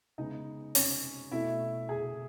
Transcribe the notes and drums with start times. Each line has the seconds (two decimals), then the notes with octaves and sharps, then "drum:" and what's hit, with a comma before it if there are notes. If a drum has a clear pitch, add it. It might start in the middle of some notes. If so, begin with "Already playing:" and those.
0.18 C#3 G#3 B3 D#4 D#5
0.75 C#4 C#5, drum: open hi-hat
1.31 B2 A3 E4 E5
1.89 G#4 G#5